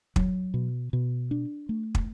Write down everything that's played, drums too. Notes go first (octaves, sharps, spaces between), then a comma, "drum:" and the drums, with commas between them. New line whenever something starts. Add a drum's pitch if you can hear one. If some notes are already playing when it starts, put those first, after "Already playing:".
F#3, drum: kick
B2
B2
D4
A3
drum: kick